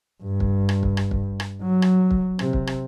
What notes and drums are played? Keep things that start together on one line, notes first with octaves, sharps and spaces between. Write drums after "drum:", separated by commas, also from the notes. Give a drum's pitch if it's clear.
G2
drum: kick
drum: rim click
drum: kick
drum: rim click
drum: kick
drum: rim click
F#3
drum: rim click
drum: kick
C3, drum: rim click
drum: kick
drum: rim click